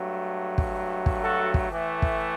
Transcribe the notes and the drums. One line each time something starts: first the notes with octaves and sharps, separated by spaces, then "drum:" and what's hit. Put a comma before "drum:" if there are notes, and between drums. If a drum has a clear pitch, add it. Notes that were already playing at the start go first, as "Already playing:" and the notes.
Already playing: G2 F#3 A3
drum: kick
drum: kick
F#4 A4
drum: kick
A2 E3 A3
drum: kick